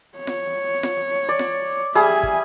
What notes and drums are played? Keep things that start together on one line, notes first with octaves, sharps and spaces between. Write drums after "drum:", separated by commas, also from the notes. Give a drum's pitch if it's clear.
C#5
drum: snare F4
drum: snare F4
D5
drum: snare F4
G3 G#4 E5 G#5, drum: hi-hat
drum: kick